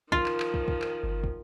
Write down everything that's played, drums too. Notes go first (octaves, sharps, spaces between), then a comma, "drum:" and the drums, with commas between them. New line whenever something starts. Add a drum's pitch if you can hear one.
D#3 F3 F4, drum: kick
drum: clap
drum: clap
drum: kick
drum: kick
drum: clap
G1
drum: kick